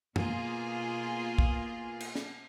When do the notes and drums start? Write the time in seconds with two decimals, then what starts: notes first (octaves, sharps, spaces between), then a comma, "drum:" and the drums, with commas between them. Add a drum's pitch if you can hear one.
0.16 B2 A#3 F4 G#4, drum: tom F#2
1.38 drum: kick
2.00 drum: cymbal
2.15 drum: snare